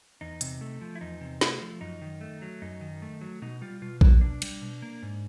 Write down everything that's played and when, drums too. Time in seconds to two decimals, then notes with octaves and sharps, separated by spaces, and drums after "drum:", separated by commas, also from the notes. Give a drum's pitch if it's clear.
0.21 E2 D#4
0.41 C3, drum: hi-hat
0.61 A3
0.81 F3
0.95 E4
1.01 E2 D#4
1.21 C3
1.41 A3, drum: snare
1.62 F3
1.81 F#2 D#4
2.02 D#3
2.21 A3
2.42 F#3
2.62 F#2 D#4
2.81 D#3
3.02 A3
3.21 F#3
3.42 B2 D#4
3.62 G3 F4
3.82 B2 F4
4.01 A#3 F#4, drum: kick A#1
4.21 B2 D4
4.42 G3, drum: cymbal
4.62 B2
4.82 A#3
5.02 G#2